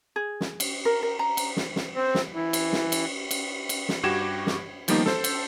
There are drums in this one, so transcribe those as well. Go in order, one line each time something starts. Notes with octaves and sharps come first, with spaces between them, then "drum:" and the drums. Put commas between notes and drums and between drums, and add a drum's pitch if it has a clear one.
G#4
drum: snare
drum: cymbal
A#4
A#4
A#5
drum: cymbal
drum: snare
drum: snare
C4
drum: snare
E3
drum: cymbal
drum: snare
drum: cymbal
drum: cymbal
drum: cymbal
drum: snare
G2 F#4 G4 G#6 E7
drum: snare
D#3 F3 G3 A#3 B3 D#4, drum: cymbal
A4 C5, drum: snare
drum: cymbal